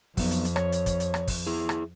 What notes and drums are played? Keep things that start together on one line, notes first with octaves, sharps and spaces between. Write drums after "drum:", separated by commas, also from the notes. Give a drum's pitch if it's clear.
F2 F#3 B3, drum: kick, open hi-hat
drum: hi-hat
drum: hi-hat
C#5, drum: rim click
drum: hi-hat
drum: kick, hi-hat
drum: hi-hat
drum: rim click
drum: kick, open hi-hat
E4 G#4
drum: rim click